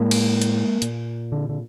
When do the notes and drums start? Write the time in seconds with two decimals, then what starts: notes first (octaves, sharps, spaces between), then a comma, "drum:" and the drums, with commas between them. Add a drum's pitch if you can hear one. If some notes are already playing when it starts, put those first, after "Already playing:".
Already playing: A2 G#3 A#3
0.11 drum: cymbal
0.42 drum: hi-hat
0.82 A#2, drum: hi-hat
1.32 D3
1.49 D3